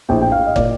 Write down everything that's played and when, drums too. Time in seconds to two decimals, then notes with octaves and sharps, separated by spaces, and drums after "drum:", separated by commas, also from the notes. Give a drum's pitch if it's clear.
0.09 A#1 A2 G5
0.22 G5
0.32 F5
0.46 D#5
0.56 A#2 D5, drum: kick